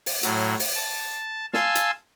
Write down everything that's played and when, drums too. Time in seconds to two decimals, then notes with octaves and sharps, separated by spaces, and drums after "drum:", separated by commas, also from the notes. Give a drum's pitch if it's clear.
0.06 drum: open hi-hat
0.23 A2 F#3, drum: hi-hat
0.60 drum: open hi-hat
0.75 A5
1.53 F5 G#5 A5 C6 E6, drum: snare
1.75 drum: hi-hat